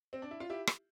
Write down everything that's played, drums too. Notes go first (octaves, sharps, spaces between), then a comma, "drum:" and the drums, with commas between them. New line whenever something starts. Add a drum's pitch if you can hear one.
C4
D4
E4
F4
E4 G4
drum: rim click